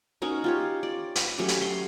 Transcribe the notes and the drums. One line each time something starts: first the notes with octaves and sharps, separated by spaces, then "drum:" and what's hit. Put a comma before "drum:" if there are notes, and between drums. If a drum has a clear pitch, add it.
C#4 D#4 F#4 A#4
F4 G4 C#5
D5
B4, drum: hi-hat
F#3 A3 C#4 G4
drum: hi-hat
C6